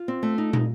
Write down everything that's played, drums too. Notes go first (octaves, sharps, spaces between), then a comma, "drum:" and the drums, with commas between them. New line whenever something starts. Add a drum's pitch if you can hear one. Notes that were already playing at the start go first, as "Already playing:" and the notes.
Already playing: F4
C4
A3
D#4
D#4, drum: tom